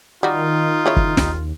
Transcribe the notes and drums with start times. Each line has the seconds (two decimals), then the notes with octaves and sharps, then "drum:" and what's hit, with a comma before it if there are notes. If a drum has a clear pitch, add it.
0.23 D#3 G3 D#4 F4 F#4
0.86 C#3 E4 C#5
0.96 drum: kick
1.17 D#2, drum: snare